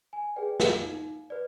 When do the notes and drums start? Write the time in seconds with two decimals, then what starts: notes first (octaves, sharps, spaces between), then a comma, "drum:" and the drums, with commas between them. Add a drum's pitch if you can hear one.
0.13 G#5
0.36 G#4 B4 D5 G5
0.60 F5, drum: snare
0.83 D#4
1.30 B4 D5